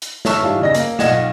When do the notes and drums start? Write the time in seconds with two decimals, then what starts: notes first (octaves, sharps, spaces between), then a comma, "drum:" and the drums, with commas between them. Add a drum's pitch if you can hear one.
0.02 drum: hi-hat
0.25 C#5 E5 A5 C#6 E6 F6, drum: snare
0.42 G#2 E3 G3 F4
0.61 C#3 D#5 A#6
0.75 A#3, drum: hi-hat
0.99 B1 F4 D#5 F#5 G#6 E7, drum: snare